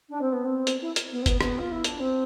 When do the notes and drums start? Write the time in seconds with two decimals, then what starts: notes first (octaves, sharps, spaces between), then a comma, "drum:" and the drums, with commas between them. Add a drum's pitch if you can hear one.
0.09 D4
0.21 C4
0.32 B3
0.44 C4
0.67 drum: hi-hat
0.81 E4
0.96 drum: hi-hat
1.10 B3
1.21 C4
1.26 B3, drum: kick, hi-hat
1.41 B3, drum: rim click
1.58 F4
1.71 E4
1.84 D4, drum: hi-hat
1.99 C4